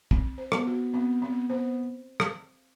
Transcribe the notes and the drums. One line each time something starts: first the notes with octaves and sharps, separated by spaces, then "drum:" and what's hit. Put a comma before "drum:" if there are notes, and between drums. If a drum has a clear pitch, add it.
C4, drum: kick
C5
B3, drum: rim click
F#4
B3 C4
B3 C4
B3 C5
drum: rim click